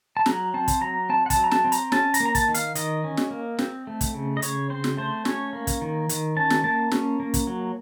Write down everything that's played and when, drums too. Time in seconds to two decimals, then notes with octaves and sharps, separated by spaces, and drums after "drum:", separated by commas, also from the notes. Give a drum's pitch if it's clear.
0.17 A5
0.26 F#3 A#5, drum: snare
0.54 C4 A5
0.68 drum: kick, hi-hat
0.81 F#3 A#5
1.09 C4 A5
1.26 F#5
1.30 A5, drum: kick, hi-hat
1.36 F#3
1.44 A#5
1.51 A5, drum: snare
1.65 C4
1.72 A#5, drum: hi-hat
1.92 C#4 A5, drum: snare
2.14 A#5, drum: hi-hat
2.20 A#3
2.26 A#5
2.35 A5, drum: kick, hi-hat
2.48 D#3
2.54 F5, drum: hi-hat
2.75 D#3 D#5, drum: hi-hat
3.04 C#4
3.17 drum: snare
3.31 A#3
3.59 C4, drum: snare
3.87 A3
4.01 drum: kick, hi-hat
4.14 C#3
4.37 D#5
4.42 C#3 C#5, drum: hi-hat
4.70 C4 C5
4.84 drum: snare
4.97 A3 C5
5.25 C#4 C#5, drum: snare
5.53 A#3
5.67 drum: kick, hi-hat
5.82 D#3
6.09 D#3, drum: hi-hat
6.36 C#4 A5
6.50 drum: snare
6.64 A#3 A5
6.91 C#4, drum: snare
7.20 A#3
7.34 drum: kick, hi-hat
7.47 F#3